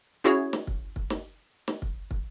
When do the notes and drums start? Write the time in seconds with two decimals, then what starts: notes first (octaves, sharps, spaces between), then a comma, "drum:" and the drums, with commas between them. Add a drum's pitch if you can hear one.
0.24 C#4 E4 F#4 G#4 C#5
0.53 drum: snare
0.67 drum: kick
0.96 drum: kick
1.10 drum: snare
1.68 drum: snare
1.82 drum: kick
2.11 drum: kick